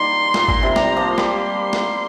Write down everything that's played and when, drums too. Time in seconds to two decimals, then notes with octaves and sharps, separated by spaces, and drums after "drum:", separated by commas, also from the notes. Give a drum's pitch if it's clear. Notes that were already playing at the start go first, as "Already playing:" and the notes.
Already playing: D#3 G3 A#3 C6
0.34 A#2, drum: snare
0.48 A#2, drum: kick
0.63 C3
0.76 G3 A#5, drum: snare
0.97 F3 A#3
1.18 G3 C6, drum: snare
1.73 drum: snare